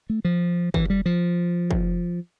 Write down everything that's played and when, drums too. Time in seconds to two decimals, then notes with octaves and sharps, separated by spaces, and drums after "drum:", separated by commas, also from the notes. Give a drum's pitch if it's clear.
0.10 A3
0.25 F3
0.74 E3, drum: kick
0.90 G3
1.06 F3
1.71 drum: kick